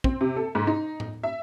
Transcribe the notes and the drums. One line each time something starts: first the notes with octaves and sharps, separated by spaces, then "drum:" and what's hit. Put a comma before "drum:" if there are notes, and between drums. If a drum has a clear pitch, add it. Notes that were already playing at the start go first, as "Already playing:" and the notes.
C4, drum: kick
C3
A4
G#2
D#4
drum: tom
E5